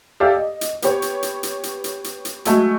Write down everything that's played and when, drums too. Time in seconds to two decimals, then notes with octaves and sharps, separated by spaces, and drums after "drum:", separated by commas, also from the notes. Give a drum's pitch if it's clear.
0.20 G4 A4 D5 E5 F5
0.36 D#5
0.61 drum: hi-hat
0.82 B3 G4 C#5, drum: hi-hat
1.02 drum: hi-hat
1.23 drum: hi-hat
1.43 drum: hi-hat
1.63 drum: hi-hat
1.84 drum: hi-hat
2.04 drum: hi-hat
2.25 drum: hi-hat
2.45 F#3 G#3 A3, drum: hi-hat